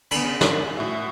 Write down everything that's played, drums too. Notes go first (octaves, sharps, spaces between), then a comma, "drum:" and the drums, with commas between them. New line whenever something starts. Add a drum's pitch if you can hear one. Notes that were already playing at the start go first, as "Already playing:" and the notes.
D3 B3 B5, drum: cymbal
C#3
drum: snare
A2 F#4 E5